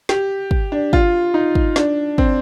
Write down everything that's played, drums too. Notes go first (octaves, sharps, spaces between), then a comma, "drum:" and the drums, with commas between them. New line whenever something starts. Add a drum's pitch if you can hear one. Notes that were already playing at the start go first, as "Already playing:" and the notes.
G4, drum: snare
drum: kick
D4
F4, drum: kick
D#4
drum: kick
D4, drum: snare
C4, drum: kick